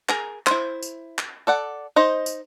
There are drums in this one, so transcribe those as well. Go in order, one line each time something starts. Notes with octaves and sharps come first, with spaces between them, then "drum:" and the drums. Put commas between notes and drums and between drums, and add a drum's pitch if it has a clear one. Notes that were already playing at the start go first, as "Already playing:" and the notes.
G#4 A#4 A#5, drum: clap
E4 C5, drum: clap
drum: tambourine
drum: clap
A4 D5 F#5
D#4 C5 D#5
drum: tambourine